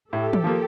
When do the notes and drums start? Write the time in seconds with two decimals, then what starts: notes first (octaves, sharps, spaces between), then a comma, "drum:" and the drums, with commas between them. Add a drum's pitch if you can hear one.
0.12 A2 G4 A4
0.33 drum: tom
0.44 F3 A#3